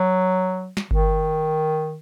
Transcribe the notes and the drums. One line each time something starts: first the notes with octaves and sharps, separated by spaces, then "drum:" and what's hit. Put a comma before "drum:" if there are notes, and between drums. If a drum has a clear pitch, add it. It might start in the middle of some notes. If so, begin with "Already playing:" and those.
Already playing: F#3
drum: snare
D#3, drum: kick G1